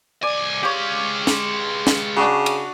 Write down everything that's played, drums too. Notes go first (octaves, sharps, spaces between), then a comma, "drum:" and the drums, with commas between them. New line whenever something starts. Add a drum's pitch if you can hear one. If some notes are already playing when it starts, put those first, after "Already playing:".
C2 D5 G#5
G#3 G4 C#5 F5
drum: snare
drum: snare
C#3 D4 F#4
drum: cymbal